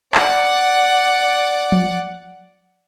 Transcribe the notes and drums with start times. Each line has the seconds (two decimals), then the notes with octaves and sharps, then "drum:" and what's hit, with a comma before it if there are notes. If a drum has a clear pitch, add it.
0.15 D5 F#5, drum: clap
1.72 drum: tom F3